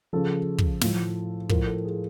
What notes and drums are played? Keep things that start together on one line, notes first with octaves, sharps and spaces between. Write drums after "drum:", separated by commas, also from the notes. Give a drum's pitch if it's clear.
C#3 F3 A4
drum: kick
A2 F3, drum: snare
A2 F3 A#4, drum: kick
A4
G#4